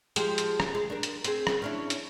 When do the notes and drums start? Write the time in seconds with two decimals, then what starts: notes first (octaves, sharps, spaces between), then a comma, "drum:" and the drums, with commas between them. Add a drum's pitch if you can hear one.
0.16 F3 G#3 G4, drum: hi-hat
0.38 drum: hi-hat
0.60 drum: rim click
0.75 G#3
0.90 D4 A#4
1.03 drum: hi-hat
1.24 C4 G#4, drum: hi-hat
1.47 drum: rim click
1.62 C#4 D4 E4
1.90 drum: hi-hat